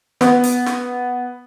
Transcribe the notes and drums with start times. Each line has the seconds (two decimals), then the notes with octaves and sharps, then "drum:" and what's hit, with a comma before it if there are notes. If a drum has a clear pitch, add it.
0.21 B3, drum: snare
0.44 drum: hi-hat
0.66 drum: snare